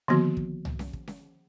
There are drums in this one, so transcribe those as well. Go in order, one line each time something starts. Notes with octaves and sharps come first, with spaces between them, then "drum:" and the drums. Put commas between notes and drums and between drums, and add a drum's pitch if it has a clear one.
D3 D#3 F3 A#3 B3 F#4
drum: kick
drum: tom C2
drum: snare C#4
drum: kick
drum: snare C#4